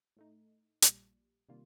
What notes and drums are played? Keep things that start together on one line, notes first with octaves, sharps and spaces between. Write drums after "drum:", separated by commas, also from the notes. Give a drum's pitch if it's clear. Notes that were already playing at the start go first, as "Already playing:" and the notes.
A2 A3 D#4
A#1 A#2 G3, drum: hi-hat
C3 D#3 G3 A#3 F4